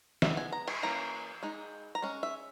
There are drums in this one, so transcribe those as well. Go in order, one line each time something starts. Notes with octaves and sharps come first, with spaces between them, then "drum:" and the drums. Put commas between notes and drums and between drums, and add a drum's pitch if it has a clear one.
G#3 B3 D#4 E5, drum: snare
G#5
A#5
G#5, drum: cymbal
E3 A#3 C#4 A#5
G#3 D#4
A#5
G#3 C#4
E5